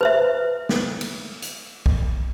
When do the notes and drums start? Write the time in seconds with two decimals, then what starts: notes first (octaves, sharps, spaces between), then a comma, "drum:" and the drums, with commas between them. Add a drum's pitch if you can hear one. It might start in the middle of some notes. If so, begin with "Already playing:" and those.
0.01 B4 C5 E5
0.69 drum: snare
1.01 drum: cymbal
1.42 drum: hi-hat
1.86 drum: kick